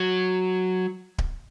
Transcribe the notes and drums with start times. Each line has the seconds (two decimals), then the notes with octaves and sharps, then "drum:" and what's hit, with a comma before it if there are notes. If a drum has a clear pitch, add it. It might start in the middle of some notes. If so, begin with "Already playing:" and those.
Already playing: F#3
1.18 drum: kick D1